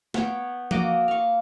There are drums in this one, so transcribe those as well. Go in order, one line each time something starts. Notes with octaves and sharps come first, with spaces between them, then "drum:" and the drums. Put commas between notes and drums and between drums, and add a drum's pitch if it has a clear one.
B3 C#5 G5, drum: snare
A#3 F#4 D#5 D6, drum: tom F3
F5 C#6